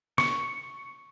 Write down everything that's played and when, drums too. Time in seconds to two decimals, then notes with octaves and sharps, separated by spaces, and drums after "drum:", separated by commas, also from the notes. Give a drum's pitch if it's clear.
0.18 C#6, drum: snare